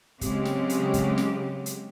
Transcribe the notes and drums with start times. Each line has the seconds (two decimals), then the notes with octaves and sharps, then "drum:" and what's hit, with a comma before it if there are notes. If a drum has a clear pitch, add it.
0.21 C#3 F#3 G#3 C4 C#4 G4, drum: kick, hi-hat
0.45 drum: snare
0.69 drum: hi-hat
0.94 drum: kick, hi-hat
1.18 drum: snare
1.66 drum: hi-hat